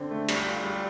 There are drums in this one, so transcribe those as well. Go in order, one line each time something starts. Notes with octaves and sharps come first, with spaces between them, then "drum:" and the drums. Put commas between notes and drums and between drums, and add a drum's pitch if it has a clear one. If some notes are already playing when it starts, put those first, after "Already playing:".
Already playing: D3 C4
A3
G3, drum: cymbal
F4
G3